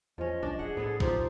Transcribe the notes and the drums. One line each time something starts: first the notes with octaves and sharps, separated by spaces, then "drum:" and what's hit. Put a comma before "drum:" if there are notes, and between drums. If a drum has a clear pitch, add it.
E2 F3 C#4 D#5
C2 D4
E1 G#4 F#5
A2 B3 E4 A4
F3 D#4 G4 C5, drum: kick